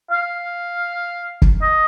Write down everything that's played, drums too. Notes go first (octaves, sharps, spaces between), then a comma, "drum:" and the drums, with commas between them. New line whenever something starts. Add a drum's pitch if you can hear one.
F5
drum: kick
D#5